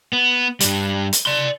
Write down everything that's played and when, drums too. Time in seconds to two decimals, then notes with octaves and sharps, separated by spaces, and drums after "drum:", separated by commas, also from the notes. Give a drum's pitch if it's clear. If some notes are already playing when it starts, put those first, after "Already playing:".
0.13 B3
0.60 G2 G3, drum: hi-hat
1.13 drum: hi-hat
1.26 D5 C6